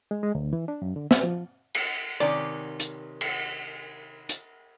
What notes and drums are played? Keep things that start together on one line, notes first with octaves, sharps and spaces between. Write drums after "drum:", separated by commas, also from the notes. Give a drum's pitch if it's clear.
G#3
G#3
D2
E3
D4
F#2
D3
E5, drum: snare
F3
drum: cymbal
C3 D#3 C#4 D5
drum: hi-hat
drum: cymbal
drum: hi-hat